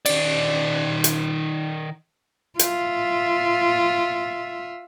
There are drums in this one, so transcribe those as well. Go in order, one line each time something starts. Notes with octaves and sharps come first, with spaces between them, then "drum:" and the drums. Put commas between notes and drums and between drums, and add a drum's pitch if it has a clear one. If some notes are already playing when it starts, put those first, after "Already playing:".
D#3 D5, drum: cymbal
drum: hi-hat
F4 E5, drum: hi-hat